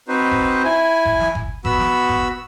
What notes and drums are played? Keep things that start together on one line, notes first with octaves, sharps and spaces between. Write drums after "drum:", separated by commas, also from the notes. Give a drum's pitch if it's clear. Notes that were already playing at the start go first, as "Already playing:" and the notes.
C4 D#4 F#4 B4 C5
drum: kick F#1
E4 G#5
drum: kick F#1
drum: snare
drum: kick F#1
B3 F#4 B5 E6, drum: kick F#1
drum: snare
drum: kick F#1